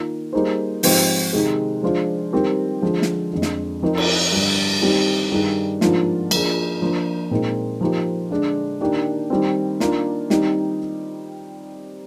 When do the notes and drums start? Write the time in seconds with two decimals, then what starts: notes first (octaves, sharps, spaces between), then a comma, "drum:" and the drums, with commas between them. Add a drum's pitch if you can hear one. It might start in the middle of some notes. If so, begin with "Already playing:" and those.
Already playing: D#3 A#3 F4
0.33 G3 A#3 D#4 G#4 C5
0.83 G#2 F3 C4 G4 C5, drum: open hi-hat
1.33 C3 D#3 G#3
1.83 F3 G#3 D4 F4 C5
2.33 D#3 G3 C4 G4 A#4
2.82 D3 F3 G#3
3.02 drum: snare
3.32 F2 D3 G#3
3.42 drum: snare
3.82 F3 C4 D#4 A#4
3.97 drum: cymbal
4.32 G2 D3 G3
4.82 D#3 G3 C4 G4
5.32 G2 D#3 G3 D4 G#4
5.81 G#2 F3 A#3 D4 F4, drum: snare
6.31 F3 A#3 D4 F4 G#4, drum: cymbal
6.81 F3 A#3 D4
7.31 A#2 G#3 C4 D#4 A#4
7.81 F3 A#3 D#4 G4 C5
8.31 D3 G#3 D4
8.81 D#3 A#3 D4 G4
9.30 D#3 G3 C4
9.80 D#3 A#3 D4 F4, drum: snare
10.30 D#3 G3 C4 D#4, drum: snare